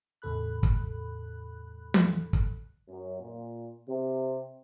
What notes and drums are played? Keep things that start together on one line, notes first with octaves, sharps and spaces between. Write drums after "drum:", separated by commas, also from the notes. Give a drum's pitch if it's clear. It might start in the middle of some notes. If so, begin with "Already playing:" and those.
E2 A2 C#3 A4 B5 F#6
drum: kick
drum: tom
drum: kick
F#2
A#2
C3